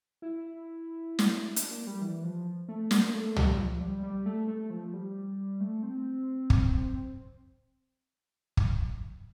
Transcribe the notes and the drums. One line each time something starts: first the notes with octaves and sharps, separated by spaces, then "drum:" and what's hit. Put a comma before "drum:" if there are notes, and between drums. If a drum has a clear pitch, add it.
E4
drum: snare
D4, drum: hi-hat
A#3
G3
E3
F3
A3
A#3, drum: snare
A#3
A3
G3, drum: tom
F3
G3
G3
A3
A3
F3
G3
A3
C4
drum: kick
drum: kick